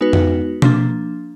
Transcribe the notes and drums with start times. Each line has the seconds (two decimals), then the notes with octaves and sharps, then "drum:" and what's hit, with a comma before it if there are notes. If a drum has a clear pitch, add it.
0.01 G#3 B3 D#4 F#4 B4
0.13 drum: tom F2
0.62 F3 A#3 D4, drum: tom B2